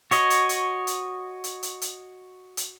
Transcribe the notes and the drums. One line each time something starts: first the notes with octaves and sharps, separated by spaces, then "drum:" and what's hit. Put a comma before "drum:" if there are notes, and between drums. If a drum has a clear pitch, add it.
F#4 C#5 D#5, drum: hi-hat
drum: hi-hat
drum: hi-hat
drum: hi-hat
drum: hi-hat
drum: hi-hat
drum: hi-hat
drum: hi-hat